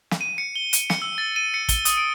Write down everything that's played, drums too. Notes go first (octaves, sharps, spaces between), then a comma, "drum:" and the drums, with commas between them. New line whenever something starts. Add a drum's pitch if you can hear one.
drum: snare
D#7
C#7
G7
D#7, drum: hi-hat
C#7, drum: snare
E6
A6
D#7
C#7
G7, drum: kick, hi-hat
D#6, drum: hi-hat
D7